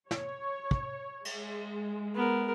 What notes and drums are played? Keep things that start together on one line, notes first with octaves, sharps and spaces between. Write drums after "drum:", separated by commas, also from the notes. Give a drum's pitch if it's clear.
C#5, drum: snare
drum: kick
G#3, drum: cymbal
B3 A#4